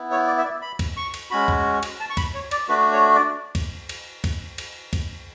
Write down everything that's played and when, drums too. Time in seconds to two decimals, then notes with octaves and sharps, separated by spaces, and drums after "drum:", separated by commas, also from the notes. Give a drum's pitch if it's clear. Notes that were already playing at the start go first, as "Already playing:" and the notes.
Already playing: B3 E4
0.11 C#5
0.27 D5
0.38 E5
0.44 D5
0.62 B5
0.79 drum: kick C#2, cymbal
0.97 C#6
1.14 drum: cymbal
1.31 G#3 C#4 F#4 B5
1.48 drum: kick C#2
1.83 drum: cymbal
2.00 A5
2.10 C#6
2.17 B5, drum: kick C#2, cymbal
2.34 C#5
2.51 D5, drum: cymbal
2.69 A3 D4 F#4 B4
2.92 C#5
3.15 D5
3.55 drum: kick C#2, cymbal
3.89 drum: cymbal
4.24 drum: kick C#2, cymbal
4.58 drum: cymbal
4.93 drum: kick C#2, cymbal